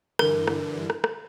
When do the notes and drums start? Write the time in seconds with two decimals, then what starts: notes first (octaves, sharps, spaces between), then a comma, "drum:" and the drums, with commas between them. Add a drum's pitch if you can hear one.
0.19 G2 D3 E3 A#4, drum: rim click
0.47 drum: rim click
0.90 drum: rim click
1.04 drum: rim click